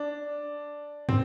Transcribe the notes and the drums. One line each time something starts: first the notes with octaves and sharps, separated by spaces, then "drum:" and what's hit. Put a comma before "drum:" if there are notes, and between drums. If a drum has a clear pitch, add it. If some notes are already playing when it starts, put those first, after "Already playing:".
Already playing: D4
C4, drum: tom